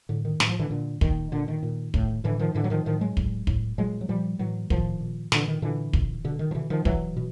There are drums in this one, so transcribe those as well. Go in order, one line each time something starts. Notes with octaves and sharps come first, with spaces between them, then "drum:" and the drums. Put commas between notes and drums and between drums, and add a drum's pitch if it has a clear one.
A2 D3
D#3
A2 E3, drum: snare
F3
D3 E3
A#2 D3
A#2 D#3, drum: kick
A#2 D3
D#3
A#2
A2, drum: kick
A2 D3 E3
D#3 F3
A2 D3 E3
F#3
D#3 F3
A2 D#3 F3
F#3 G#3
A2, drum: kick
A2, drum: kick
A#2 F#3 G#3
F#3
A#2 F3 G3
A2 E3 F#3
A2 D#3 F3, drum: kick
A#2
A#2 D3 E3, drum: snare
D#3
A#2 D3 E3
A#2, drum: kick
B2 D3
D#3
F3
B2 D3 E3
D#3 F3
B2 E3 F#3, drum: kick
B2